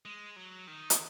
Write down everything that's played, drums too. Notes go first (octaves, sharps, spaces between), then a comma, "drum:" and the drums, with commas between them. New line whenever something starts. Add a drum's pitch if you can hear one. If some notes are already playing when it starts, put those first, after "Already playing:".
G#3
F#3
D#3
drum: hi-hat